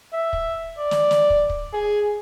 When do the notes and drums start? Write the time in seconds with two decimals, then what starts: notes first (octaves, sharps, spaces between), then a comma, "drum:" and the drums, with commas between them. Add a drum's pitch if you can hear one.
0.13 E5
0.33 drum: kick
0.79 D5
0.91 drum: snare
1.11 drum: snare
1.30 drum: kick
1.50 drum: kick
1.73 G#4